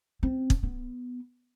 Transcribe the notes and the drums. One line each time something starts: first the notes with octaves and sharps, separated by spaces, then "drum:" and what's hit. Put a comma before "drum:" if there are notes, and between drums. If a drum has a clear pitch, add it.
C4
drum: kick
B3